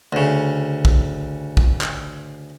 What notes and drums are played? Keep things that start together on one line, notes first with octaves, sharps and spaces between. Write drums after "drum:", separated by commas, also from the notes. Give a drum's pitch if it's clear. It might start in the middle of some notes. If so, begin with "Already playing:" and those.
D2 C#3
drum: kick
drum: kick
drum: clap